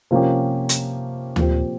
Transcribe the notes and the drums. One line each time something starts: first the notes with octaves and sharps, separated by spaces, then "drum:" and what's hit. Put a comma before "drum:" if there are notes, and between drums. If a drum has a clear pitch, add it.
C3 F3 A#3 C#4 G4
drum: hi-hat
A#2 F3 C4 G4, drum: tom D2